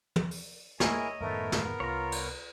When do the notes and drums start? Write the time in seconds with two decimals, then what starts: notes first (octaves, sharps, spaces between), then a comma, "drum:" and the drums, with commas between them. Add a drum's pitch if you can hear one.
0.16 drum: tom
0.31 drum: open hi-hat
0.80 A#3 E4 G#4 A#4 C#5 D#5 G#5, drum: snare
1.20 F#2 A2 D#3 A3 B3 A#4
1.52 drum: snare
1.80 C2 F4 C#5 A#5
2.12 drum: cymbal